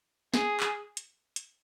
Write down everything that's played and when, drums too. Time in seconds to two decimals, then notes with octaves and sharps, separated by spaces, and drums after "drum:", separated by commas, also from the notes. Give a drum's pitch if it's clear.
0.34 G#4, drum: snare
0.60 drum: clap
0.97 drum: hi-hat
1.36 drum: hi-hat